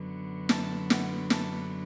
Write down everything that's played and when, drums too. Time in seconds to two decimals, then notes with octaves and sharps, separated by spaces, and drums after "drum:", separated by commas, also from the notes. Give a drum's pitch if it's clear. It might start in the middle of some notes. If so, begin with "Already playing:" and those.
Already playing: F#2 D3 F#3 B3
0.49 A5, drum: snare
0.90 F#5, drum: snare
1.30 A5, drum: snare